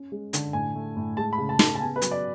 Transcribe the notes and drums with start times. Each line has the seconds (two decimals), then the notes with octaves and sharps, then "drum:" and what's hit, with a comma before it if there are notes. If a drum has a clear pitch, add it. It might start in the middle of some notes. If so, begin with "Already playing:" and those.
Already playing: C#4
0.12 G#3
0.33 D3, drum: hi-hat
0.53 A2 G#5
0.75 A3
0.96 A2
1.17 G#3 A5
1.33 B5
1.38 C#3
1.49 A5
1.59 C#3, drum: snare
1.75 A5
1.80 B3 G#5
1.96 B4
2.02 F#3, drum: hi-hat
2.11 D5